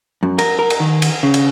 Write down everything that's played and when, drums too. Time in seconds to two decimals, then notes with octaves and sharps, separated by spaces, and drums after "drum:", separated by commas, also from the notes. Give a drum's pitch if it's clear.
0.23 F#2
0.39 A#4, drum: cymbal
0.59 A#4
0.70 drum: cymbal
0.80 D#3
1.02 drum: cymbal
1.23 C#3
1.34 drum: cymbal